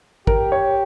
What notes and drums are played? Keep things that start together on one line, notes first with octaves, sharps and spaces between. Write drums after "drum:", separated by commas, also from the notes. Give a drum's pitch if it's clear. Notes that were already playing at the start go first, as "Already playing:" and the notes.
G4 A#4, drum: kick
C#5